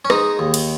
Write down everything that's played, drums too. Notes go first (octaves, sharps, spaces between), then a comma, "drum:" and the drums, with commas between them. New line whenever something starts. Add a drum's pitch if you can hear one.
C#4
G#3 D#4, drum: rim click
D#2
drum: cymbal